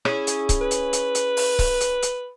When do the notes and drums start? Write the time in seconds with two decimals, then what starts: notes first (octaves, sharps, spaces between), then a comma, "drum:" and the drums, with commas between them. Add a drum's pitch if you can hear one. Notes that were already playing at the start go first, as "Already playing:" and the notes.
0.05 C#4 E4 G#4, drum: rim click
0.27 drum: hi-hat
0.49 drum: kick C#1, hi-hat
0.61 B4
0.71 drum: hi-hat
0.93 drum: hi-hat
1.15 drum: hi-hat
1.37 drum: open hi-hat
1.59 drum: kick C#1, open hi-hat
1.81 drum: hi-hat
2.03 drum: hi-hat